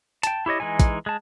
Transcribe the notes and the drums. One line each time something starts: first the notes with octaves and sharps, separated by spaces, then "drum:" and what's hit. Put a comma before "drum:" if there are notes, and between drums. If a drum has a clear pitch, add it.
G5 A5, drum: hi-hat
E4 G4 C#5 D#5
E3 G#3 D#4 G#5
drum: kick, hi-hat
G#3 A5